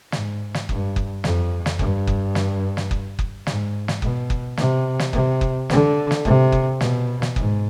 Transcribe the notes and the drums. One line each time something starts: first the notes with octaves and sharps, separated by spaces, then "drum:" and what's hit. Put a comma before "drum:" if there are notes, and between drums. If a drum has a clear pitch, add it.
G#2, drum: snare
drum: snare
G2, drum: kick F#1
drum: kick F#1
F2, drum: snare
drum: snare
G2, drum: kick F#1
drum: kick F#1
drum: snare
drum: snare
drum: kick F#1
drum: kick F#1
G#2, drum: snare
drum: snare
B2, drum: kick F#1
drum: kick F#1
C3, drum: snare
drum: snare
C3, drum: kick F#1
drum: kick F#1
D3, drum: snare
drum: snare
C3, drum: kick F#1
drum: kick F#1
B2, drum: snare
drum: snare
G#2, drum: kick F#1